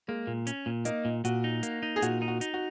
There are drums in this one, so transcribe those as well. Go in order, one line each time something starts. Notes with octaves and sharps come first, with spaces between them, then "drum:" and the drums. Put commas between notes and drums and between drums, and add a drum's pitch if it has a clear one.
G#3 A#3
A#2
C#4, drum: hi-hat
A#2
A#3 D#4, drum: hi-hat
A#2
A#2 F#4, drum: hi-hat
D#4
A#3, drum: hi-hat
D#4
G#4
A#2 F#4, drum: hi-hat
D#4
F#4
D#4, drum: hi-hat
F#4